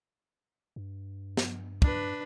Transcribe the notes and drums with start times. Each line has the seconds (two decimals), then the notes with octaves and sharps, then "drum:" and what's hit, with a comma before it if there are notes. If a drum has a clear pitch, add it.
0.76 G2
1.37 drum: snare
1.82 D4 B4, drum: kick